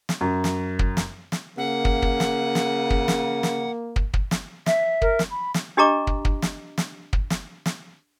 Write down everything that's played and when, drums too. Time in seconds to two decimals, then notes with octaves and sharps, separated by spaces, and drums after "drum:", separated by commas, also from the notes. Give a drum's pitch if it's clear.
0.09 drum: snare
0.21 F#2
0.44 drum: snare
0.79 drum: kick
0.97 drum: snare
1.32 drum: snare
1.58 C#3 A#3 F#5
1.85 drum: kick
2.02 drum: kick
2.20 drum: snare
2.55 drum: snare
2.90 drum: kick
3.08 drum: snare
3.43 drum: snare
3.96 drum: kick
4.14 drum: kick
4.31 drum: snare
4.66 E5, drum: snare
5.02 A#4, drum: kick
5.19 drum: snare
5.31 B5
5.54 drum: snare
5.77 D4 G4 D#5 A#5 D6
6.07 drum: kick
6.25 drum: kick
6.42 drum: snare
6.78 drum: snare
7.13 drum: kick
7.30 drum: snare
7.66 drum: snare